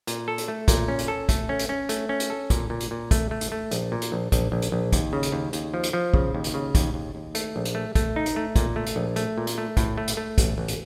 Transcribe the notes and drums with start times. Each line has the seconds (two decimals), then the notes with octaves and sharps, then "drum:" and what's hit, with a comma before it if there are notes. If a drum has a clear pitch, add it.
0.07 A#2, drum: hi-hat
0.28 A4
0.38 drum: hi-hat
0.48 A3
0.68 A#2, drum: kick, hi-hat
0.88 C#4
0.99 drum: hi-hat
1.08 A4
1.29 A3, drum: kick, hi-hat
1.49 C#4
1.59 drum: hi-hat
1.69 C#4
1.89 A3, drum: hi-hat
2.09 C#4
2.20 drum: hi-hat
2.30 A4
2.50 A#2, drum: kick, hi-hat
2.70 A#2
2.80 drum: hi-hat
2.91 A#2
3.11 A3, drum: kick, hi-hat
3.31 A3
3.41 drum: hi-hat
3.52 A3
3.71 A#1, drum: hi-hat
3.92 A#2
4.02 drum: hi-hat
4.12 A#1
4.32 A#1, drum: kick, hi-hat
4.52 A#1
4.62 drum: hi-hat
4.72 A#1
4.92 D#2, drum: kick, hi-hat
5.13 C#3
5.23 drum: hi-hat
5.32 D#2
5.53 D#2, drum: hi-hat
5.74 F3
5.83 drum: hi-hat
5.93 F3
6.14 C#3, drum: kick
6.35 D#2
6.44 drum: hi-hat
6.54 C#3
6.75 D#2, drum: kick, hi-hat
6.94 D#2
7.15 D#2
7.35 A3, drum: hi-hat
7.56 A#1
7.65 drum: hi-hat
7.75 A3
7.95 A3, drum: kick, hi-hat
8.16 D#4
8.26 drum: hi-hat
8.36 A3
8.56 A#2, drum: kick, hi-hat
8.76 A3
8.86 drum: hi-hat
8.96 A#1
9.16 A3, drum: hi-hat
9.38 A#2
9.47 drum: hi-hat
9.58 A3
9.77 A2, drum: kick, hi-hat
9.98 A3
10.08 drum: hi-hat
10.17 A3
10.38 A1, drum: kick, hi-hat
10.58 A1
10.68 drum: hi-hat